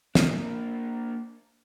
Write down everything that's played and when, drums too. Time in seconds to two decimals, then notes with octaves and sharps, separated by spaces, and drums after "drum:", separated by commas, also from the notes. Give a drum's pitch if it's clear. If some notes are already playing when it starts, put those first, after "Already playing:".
0.15 A#3 D4, drum: snare